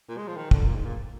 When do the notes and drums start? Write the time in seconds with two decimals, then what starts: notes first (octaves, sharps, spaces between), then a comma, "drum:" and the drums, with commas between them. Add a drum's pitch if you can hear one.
0.09 A#2
0.18 G#3
0.27 F3
0.37 D#3
0.51 D3, drum: kick
0.66 A#2
0.75 G#2
0.85 A#2